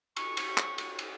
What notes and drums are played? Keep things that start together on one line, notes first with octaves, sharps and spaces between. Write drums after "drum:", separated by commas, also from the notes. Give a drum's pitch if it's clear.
C#6, drum: cymbal
drum: cymbal
drum: clap
drum: cymbal
drum: cymbal